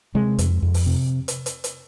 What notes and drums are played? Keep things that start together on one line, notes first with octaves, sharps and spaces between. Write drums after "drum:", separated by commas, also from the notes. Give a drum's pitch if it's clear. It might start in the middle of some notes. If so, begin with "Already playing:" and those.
C3 G#3
F2, drum: hi-hat
F2
drum: open hi-hat
C3
drum: hi-hat
drum: hi-hat
drum: hi-hat